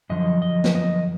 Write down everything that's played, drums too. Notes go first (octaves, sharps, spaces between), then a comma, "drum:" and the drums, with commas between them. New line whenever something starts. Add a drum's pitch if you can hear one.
F#2 D3 F3 D#5
D#5
drum: snare
D#5